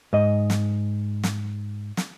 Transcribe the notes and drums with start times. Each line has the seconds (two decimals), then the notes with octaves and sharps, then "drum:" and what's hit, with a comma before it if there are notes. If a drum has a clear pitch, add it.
0.13 G#2 D#5
0.50 drum: snare
1.24 drum: snare
1.97 drum: snare